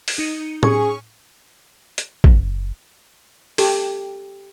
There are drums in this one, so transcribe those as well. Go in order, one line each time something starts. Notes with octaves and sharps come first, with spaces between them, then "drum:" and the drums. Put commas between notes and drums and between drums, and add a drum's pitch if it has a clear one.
drum: open hi-hat
D#4 C#7 D#7
C#4 G#4 G#5 C#6, drum: tom A2
drum: hi-hat
F#1, drum: kick A1
G4 A4, drum: open hi-hat